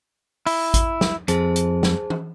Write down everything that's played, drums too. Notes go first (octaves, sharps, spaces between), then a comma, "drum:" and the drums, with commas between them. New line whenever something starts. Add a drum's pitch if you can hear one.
E4, drum: open hi-hat
drum: kick A1, hi-hat
drum: snare
F2 G#4 C5 A5, drum: hi-hat
drum: hi-hat
drum: snare
drum: tom E3